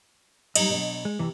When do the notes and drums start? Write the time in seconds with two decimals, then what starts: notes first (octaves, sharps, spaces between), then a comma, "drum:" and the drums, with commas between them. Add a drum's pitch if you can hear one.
0.56 F#3 G3 D#4 D#5, drum: cymbal
0.69 B2 F#3 D4
1.05 G#3
1.19 C3 E3